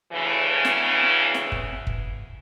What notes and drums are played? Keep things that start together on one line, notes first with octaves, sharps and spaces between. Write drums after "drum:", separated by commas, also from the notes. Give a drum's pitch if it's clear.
D2 C#3 E3
drum: snare
drum: snare
drum: kick F#1
drum: kick F#1